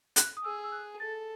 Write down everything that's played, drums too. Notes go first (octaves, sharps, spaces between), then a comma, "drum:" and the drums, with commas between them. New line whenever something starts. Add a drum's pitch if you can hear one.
F#6, drum: hi-hat
D#6
G#4 E6
E6
F#6
A4 A6